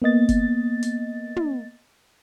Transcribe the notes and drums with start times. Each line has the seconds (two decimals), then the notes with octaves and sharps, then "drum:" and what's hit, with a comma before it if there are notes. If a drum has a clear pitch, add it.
0.02 A#3 B3 D#5 A6
0.29 drum: kick F#1, hi-hat
0.82 drum: hi-hat
1.36 drum: tom